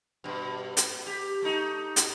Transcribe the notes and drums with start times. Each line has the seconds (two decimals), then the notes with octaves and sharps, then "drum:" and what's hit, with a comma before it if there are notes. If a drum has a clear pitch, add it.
0.24 G2 B2
0.77 drum: hi-hat
1.07 G4
1.42 A3 D#4
1.96 drum: hi-hat